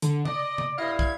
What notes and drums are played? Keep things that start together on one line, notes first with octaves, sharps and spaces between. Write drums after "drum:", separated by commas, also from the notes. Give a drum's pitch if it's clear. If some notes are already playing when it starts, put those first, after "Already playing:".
D3, drum: hi-hat
D5 D#5, drum: tom C#3
drum: tom C#3
G2 E4 D#5 F5
G#6, drum: kick